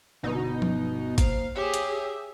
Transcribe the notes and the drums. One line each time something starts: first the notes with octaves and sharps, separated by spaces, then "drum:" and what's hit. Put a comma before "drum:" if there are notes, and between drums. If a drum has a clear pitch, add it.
G1 B2 D#4
drum: tom F3
A#3 C5 F5, drum: kick G1, hi-hat
G4 G#4 C#5 E5
drum: hi-hat